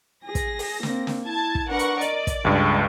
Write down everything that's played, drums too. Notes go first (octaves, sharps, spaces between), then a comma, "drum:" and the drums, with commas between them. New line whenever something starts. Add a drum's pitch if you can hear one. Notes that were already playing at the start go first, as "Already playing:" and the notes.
G#4 A#6
drum: kick, hi-hat
drum: open hi-hat
A#3 C4, drum: snare
drum: snare
E4 A5 G#6
drum: kick
D4 A#4 B4 F#5 C#6
drum: hi-hat
D5 D#5, drum: hi-hat
drum: kick, hi-hat
C#2 G2 G#3 A4